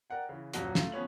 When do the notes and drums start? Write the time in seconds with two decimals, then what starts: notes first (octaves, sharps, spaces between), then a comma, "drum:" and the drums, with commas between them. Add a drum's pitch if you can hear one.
0.10 A#4 D5 F#5 G5
0.29 C#3 E3
0.53 D#1 F#2 A#2 F#4, drum: hi-hat
0.75 A3 F4, drum: snare
0.92 F3 B3 C#4 F#7